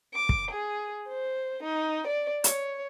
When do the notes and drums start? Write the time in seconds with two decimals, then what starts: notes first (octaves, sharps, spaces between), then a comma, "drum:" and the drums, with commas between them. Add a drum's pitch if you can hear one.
0.14 D6
0.29 drum: kick
0.51 G#4
1.09 C5
1.63 D#4
2.07 D5
2.44 C#5, drum: hi-hat